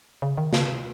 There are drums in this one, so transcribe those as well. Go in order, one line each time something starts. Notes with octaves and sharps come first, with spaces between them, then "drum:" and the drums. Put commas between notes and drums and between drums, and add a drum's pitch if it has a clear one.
C#3
D#3
C#3, drum: snare
C3